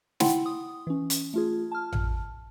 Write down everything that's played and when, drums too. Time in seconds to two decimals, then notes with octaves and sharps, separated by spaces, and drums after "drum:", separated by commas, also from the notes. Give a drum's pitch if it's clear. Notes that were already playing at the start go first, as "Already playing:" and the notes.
0.20 E4 F#5 G5 B5 C6, drum: snare
0.46 D#6
0.87 E3 C#4
1.10 drum: hi-hat
1.34 A3 F4 G#4
1.72 A5 F6
1.92 drum: tom A1